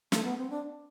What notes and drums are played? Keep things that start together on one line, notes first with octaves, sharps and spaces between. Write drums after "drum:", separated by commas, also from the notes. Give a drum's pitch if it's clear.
A3, drum: snare
B3
C4
D4